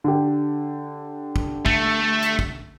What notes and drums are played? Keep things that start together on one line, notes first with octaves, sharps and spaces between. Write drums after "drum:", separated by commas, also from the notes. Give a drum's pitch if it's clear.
D3 G4
drum: kick
A3, drum: kick
drum: hi-hat
drum: kick